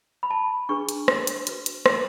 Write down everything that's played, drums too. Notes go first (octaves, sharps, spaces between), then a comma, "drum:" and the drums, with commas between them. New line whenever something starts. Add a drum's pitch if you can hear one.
B5
A5
D4 G#4 B4 C#6
drum: hi-hat
drum: rim click
drum: hi-hat
F#4 B4, drum: hi-hat
drum: hi-hat
drum: rim click